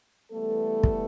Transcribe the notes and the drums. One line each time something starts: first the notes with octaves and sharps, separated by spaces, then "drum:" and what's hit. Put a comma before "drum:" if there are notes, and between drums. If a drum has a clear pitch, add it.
E3 G3 A3 B3 A4
drum: kick